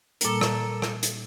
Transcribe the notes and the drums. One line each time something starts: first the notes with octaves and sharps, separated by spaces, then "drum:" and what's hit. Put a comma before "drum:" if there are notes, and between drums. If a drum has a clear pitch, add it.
A#2 G3 A#3 A4 A#4, drum: hi-hat
drum: rim click
drum: rim click
drum: hi-hat